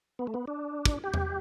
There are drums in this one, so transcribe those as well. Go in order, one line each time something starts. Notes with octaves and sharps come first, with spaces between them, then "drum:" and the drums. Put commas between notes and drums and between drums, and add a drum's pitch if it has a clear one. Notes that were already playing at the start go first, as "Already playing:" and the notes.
B3
A3
B3
D4
drum: kick
G4
drum: tom E2